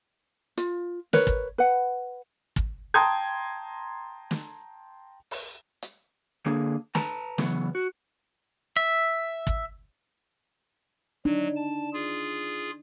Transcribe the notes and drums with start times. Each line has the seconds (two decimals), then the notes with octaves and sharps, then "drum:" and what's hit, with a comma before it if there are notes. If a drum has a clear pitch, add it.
0.58 F4, drum: hi-hat
1.13 A#4 B4 C#5, drum: snare
1.27 drum: kick
1.58 B4 F#5
2.56 drum: kick
2.94 G5 A5 A#5 C6 D#6 G#6
4.31 drum: snare
5.31 drum: open hi-hat
5.82 drum: hi-hat
6.46 D3 A#3 D4 G#4
6.95 B4 A5 A#5, drum: snare
7.38 C#3 E3 F#3 B3, drum: snare
7.75 F#4
8.77 E5
9.47 drum: kick
11.25 F#3 D4 D#4
11.56 A5
11.93 F4 G#4